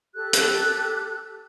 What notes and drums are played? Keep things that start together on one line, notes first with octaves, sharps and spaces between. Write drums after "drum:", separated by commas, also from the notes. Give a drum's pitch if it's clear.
G4 A4 F#6
drum: hi-hat